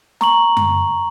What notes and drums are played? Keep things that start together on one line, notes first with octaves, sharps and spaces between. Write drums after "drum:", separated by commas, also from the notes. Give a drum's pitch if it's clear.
A#5 C#6 F#7, drum: snare
drum: tom F#2